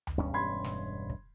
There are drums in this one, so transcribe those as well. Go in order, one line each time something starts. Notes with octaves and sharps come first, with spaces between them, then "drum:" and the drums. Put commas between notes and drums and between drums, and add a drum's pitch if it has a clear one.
drum: tom D2
E1 G2 C#4
B5 C6 G#6
drum: snare
drum: kick